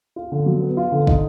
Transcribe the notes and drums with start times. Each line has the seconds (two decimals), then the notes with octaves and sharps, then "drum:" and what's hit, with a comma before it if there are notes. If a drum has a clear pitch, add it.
0.16 F4
0.32 D3
0.46 F#3
0.62 B3
0.77 F4
0.92 D3
1.07 D#4, drum: kick